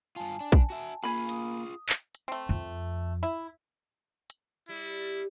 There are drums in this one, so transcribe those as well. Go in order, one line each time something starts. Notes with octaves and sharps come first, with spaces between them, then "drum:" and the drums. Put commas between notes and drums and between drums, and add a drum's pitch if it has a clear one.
G2 F4 G#5 A5
D4
drum: kick A#1
F#4 E5
A#3 F4 G#4 G#5 B5
D#6, drum: hi-hat
drum: clap
drum: hi-hat
A3 C4
F2
E4
drum: hi-hat
G3 E4